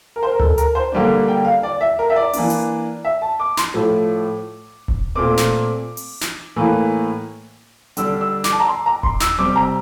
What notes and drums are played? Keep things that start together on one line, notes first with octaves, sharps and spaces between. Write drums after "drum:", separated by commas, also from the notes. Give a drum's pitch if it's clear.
A#4
C5
A#4
A4, drum: tom D2
A#4, drum: hi-hat
C5
D3 G3 A#3 D4
G5
F5
D5
E5
A#4
E5
D5
E3 A#3 D4, drum: open hi-hat
drum: hi-hat
E5
A5
D6
C6, drum: snare
A2 F3 A3
drum: kick D#1
A#2 A3 C4 D6
drum: snare
drum: open hi-hat
drum: snare
A2 E3 A#3
D3 G3 D4 E6, drum: hi-hat
E6
D6, drum: snare
A5
A#5
C6
A#5
C6, drum: kick D#1
E6, drum: snare
C3 G3 C4 D6
A#5